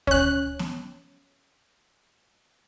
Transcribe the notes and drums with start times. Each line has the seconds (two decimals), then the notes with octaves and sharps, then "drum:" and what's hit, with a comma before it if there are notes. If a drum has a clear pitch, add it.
0.07 C#4 F#6, drum: kick D2
0.59 drum: snare B3